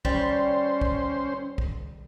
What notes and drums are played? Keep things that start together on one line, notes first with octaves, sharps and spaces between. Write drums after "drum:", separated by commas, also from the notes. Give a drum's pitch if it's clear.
G3 C#4 C5, drum: kick
drum: kick
drum: kick